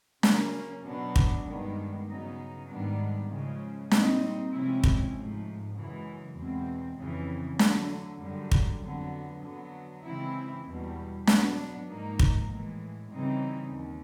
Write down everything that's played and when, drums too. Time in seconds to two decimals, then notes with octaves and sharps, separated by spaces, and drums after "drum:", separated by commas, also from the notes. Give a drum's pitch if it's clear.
0.23 C#3 F#3 A#3 C#4, drum: snare
0.85 B2 F#3 B3 D4
1.16 drum: kick
1.46 G2 D#3 G#3 B3 D4
2.08 C#3 F#3 B3 D#4
2.68 G#2 D#3 G3 B3 D4
3.31 C#3 F3 G#3
3.91 A#2 G3 C4 D#4, drum: snare
4.53 C3 F3 G#3 C#4 E4
4.84 drum: kick
5.14 G#2 F3 A3
5.75 F#2 C#3 E3 G#3
6.37 E2 B2 G#3 C4
6.98 F2 C#3 E3
7.59 D3 F#3 A3, drum: snare
8.20 F#2 D3 G3
8.51 drum: kick
8.82 F2 D3 F#3 B3
9.43 D3 F#3 B3
10.05 C#3 E3 G#3 C4 E4
10.66 E2 B2 G3
11.27 B2 F#3 B3 D4, drum: snare
11.89 G#2 F3 A#3 D#4
12.19 drum: kick
12.50 A2 E3 G#3
13.11 C#3 E3 G3 C4 D#4
13.73 D#2